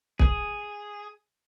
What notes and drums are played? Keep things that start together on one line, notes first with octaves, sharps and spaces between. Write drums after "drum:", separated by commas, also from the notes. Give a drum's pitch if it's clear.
G#4, drum: kick